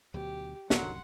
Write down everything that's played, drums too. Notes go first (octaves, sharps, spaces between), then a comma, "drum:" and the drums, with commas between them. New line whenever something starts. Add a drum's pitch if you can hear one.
D2 B2 F#3 G4
C2 F#2 A2 D3 D#3 F#3 F#5 C6, drum: snare